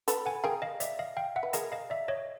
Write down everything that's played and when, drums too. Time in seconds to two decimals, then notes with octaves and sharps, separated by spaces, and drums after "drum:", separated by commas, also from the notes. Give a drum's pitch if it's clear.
0.08 A4 B4, drum: hi-hat
0.26 F#5 G#5
0.44 G#4 A#4 F5 G5
0.62 D#5 F5
0.80 D5 E5, drum: hi-hat
0.99 D#5 F5
1.17 F5 G5
1.36 E5 F#5
1.43 B4
1.53 G#4 A#4 D#5 F5, drum: hi-hat
1.72 D#5 F5
1.90 D5 E5
2.08 C#5 D#5